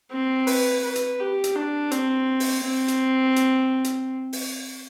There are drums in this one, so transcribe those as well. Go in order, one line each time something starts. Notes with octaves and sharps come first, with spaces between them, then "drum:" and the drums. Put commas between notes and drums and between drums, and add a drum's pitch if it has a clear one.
C4
B4, drum: open hi-hat
B4
drum: hi-hat
G4
drum: hi-hat
D4
C4, drum: hi-hat
drum: open hi-hat
C4
drum: hi-hat
drum: hi-hat
drum: hi-hat
drum: open hi-hat